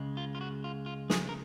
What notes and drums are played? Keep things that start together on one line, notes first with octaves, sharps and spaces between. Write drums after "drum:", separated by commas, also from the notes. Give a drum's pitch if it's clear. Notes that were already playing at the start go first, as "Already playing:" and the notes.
Already playing: C#2 C#3 G#3
F4
F4
F#4
F4
F4
G#4, drum: snare
A#4